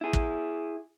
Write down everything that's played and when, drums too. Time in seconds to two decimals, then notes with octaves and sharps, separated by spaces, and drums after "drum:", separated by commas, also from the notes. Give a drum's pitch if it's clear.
0.01 E4 G#4
0.13 drum: kick